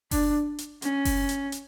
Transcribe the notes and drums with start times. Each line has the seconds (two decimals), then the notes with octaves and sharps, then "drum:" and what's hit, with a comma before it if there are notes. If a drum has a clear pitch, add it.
0.11 D4, drum: kick F#1, open hi-hat
0.58 drum: hi-hat
0.82 C#4, drum: hi-hat
1.05 drum: kick F#1, open hi-hat
1.29 drum: hi-hat
1.52 drum: hi-hat